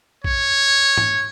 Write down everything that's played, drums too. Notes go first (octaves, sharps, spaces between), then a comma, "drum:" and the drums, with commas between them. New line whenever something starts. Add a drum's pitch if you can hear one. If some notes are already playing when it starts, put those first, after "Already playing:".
C#5, drum: kick A1
drum: tom